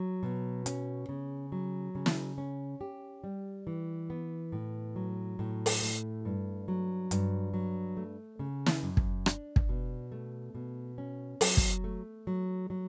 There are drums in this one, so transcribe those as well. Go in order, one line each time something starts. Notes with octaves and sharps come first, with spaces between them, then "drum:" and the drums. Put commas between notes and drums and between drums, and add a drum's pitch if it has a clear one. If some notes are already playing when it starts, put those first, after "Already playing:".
Already playing: F#3
B2
C#4, drum: hi-hat
C#3
F#3
C#3
drum: snare
C#4
G4
G3
E3
B3
A2
F#3
A2
drum: open hi-hat
A3
G2
F#3
G2, drum: hi-hat
F#3
A3
C#3
drum: snare
F#2
drum: kick
D4, drum: rim click
drum: kick
B2
A3
B2
C#4
F#3, drum: open hi-hat
drum: kick
A3
F#3
F#3